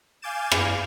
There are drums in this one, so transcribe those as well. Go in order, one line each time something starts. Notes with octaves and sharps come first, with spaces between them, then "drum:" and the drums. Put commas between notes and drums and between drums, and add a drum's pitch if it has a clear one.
F5 G#5 D6 G6 A6 E7
drum: rim click